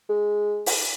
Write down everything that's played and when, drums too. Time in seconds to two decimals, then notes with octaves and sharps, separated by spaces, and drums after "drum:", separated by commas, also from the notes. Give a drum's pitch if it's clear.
0.09 G#3
0.66 drum: open hi-hat